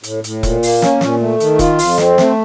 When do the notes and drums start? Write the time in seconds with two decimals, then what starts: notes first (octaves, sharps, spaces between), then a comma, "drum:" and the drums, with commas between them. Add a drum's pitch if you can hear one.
0.03 A2, drum: hi-hat
0.24 A2, drum: hi-hat
0.43 A#2, drum: kick E1, hi-hat
0.63 A#3, drum: open hi-hat
0.82 C#4, drum: snare
1.01 A#2, drum: snare
1.20 A3
1.40 D#3, drum: hi-hat
1.59 F4, drum: kick E1, hi-hat
1.79 F2, drum: open hi-hat
1.98 C4, drum: snare
2.18 A3, drum: snare